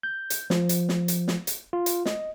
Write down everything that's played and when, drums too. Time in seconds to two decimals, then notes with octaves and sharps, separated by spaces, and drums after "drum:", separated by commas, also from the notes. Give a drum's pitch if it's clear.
0.03 G6
0.30 drum: hi-hat
0.50 F3, drum: snare
0.69 drum: hi-hat
0.89 drum: snare
1.08 drum: hi-hat
1.28 drum: snare
1.47 drum: hi-hat
1.73 F4
1.86 drum: hi-hat
2.06 D#5, drum: snare